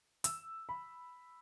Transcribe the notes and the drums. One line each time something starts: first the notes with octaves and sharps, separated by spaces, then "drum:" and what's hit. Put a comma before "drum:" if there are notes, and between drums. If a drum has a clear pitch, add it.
E6, drum: hi-hat
B5